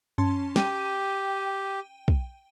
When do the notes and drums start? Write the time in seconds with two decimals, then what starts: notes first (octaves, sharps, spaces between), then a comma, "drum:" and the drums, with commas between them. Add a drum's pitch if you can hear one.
0.18 C#4 A5 C6, drum: tom F#2
0.56 G4 G5 D#7, drum: snare
2.08 drum: kick